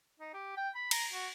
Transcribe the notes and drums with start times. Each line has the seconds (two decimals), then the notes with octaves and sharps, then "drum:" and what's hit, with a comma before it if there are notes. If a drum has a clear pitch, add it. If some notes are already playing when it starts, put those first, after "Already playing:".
0.20 D#4
0.34 G4
0.57 G5
0.75 B5
0.91 A#5, drum: cymbal
1.12 F#4